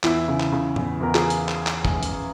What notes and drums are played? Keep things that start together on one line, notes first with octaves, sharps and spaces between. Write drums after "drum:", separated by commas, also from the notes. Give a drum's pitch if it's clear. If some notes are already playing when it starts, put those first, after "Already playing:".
E2 E4, drum: clap
C#3
drum: clap
C#3
E2, drum: tom A2
E2 A#4
G#4, drum: clap
drum: hi-hat
drum: clap
drum: clap
drum: tom
drum: hi-hat